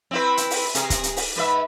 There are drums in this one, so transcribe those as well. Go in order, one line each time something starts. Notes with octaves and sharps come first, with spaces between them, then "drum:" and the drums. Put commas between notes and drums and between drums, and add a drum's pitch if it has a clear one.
C4 E4 B4
drum: hi-hat
drum: open hi-hat
C3 G#4, drum: hi-hat
drum: kick, hi-hat
drum: hi-hat
drum: open hi-hat
G#2 B4 E5